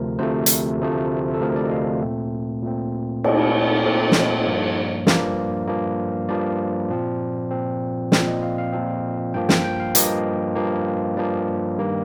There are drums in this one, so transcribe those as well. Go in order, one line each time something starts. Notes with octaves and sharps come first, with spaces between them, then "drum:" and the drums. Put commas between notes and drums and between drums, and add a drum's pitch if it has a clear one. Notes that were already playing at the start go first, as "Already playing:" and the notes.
Already playing: D2 C3 F3 A3 A#4
D2 C3 F3 A3 C5
drum: hi-hat
D2 C3 F3 A3
A4
D2 C3 F3 A3 A#4
D5
D#5
F5
A#2 A3 C4
A#2 A3 C4
A#2 A3 C4, drum: cymbal
A#2 A3 C4 C5
drum: snare
G2 F3 A#3
G2 F3 A#3 D5, drum: snare
G2 F3 A#3
G2 F3 A#3 D5
A#2 F3 C4
A#2 F3 C4
A#2 F3 C4 D5, drum: snare
D#5
F5
F5
A#2 F3 C4
G2 F3 A#3 G5
G5, drum: snare
G5
F5
G2 F3 A#3 D#5, drum: hi-hat
G2 F3 A#3
G2 F3 A#3 D5
G2 D#3 G3 A#3